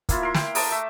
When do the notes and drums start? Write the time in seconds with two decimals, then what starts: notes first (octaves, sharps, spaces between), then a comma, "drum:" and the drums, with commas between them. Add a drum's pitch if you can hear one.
0.09 A#3 E4 F4, drum: kick, hi-hat
0.21 E4 A#4 C6
0.34 G5, drum: snare
0.55 A5 A#5 D6 D#6, drum: open hi-hat
0.71 A3 E5